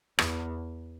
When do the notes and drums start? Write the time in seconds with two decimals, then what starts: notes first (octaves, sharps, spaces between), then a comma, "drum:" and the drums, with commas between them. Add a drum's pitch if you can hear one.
0.19 E2, drum: rim click